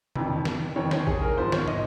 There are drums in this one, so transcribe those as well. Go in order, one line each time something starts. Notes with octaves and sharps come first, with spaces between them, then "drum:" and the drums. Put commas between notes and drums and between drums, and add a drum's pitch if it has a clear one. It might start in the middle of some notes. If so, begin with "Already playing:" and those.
F1 F2 D#3, drum: tom B2
drum: snare
F1 F2 D#3 C#5
C#5, drum: snare
G#4, drum: kick A1
A#4
G#1 G#2 F3 C5
C#5, drum: snare
D#5, drum: tom